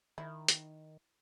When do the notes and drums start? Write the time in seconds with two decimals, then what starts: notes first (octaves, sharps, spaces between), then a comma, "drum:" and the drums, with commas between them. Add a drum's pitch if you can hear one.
0.18 D#3 E4
0.48 drum: hi-hat